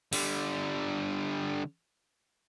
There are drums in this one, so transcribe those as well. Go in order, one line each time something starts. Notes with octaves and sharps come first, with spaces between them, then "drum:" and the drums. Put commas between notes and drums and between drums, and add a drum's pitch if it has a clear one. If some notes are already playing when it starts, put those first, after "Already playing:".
D3 G3, drum: open hi-hat